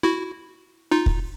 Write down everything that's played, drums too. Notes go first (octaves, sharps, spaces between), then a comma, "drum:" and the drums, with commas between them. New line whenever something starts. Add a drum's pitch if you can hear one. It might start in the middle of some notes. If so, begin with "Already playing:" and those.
E4 F#4
D#4 F4
drum: kick